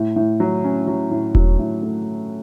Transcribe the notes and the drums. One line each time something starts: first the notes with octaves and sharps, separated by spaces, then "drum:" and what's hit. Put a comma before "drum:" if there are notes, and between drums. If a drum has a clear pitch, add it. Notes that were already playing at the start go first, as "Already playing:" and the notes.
Already playing: A2
A2
F#3
C#4
F#3
A2
F#3, drum: kick E1
A2
A3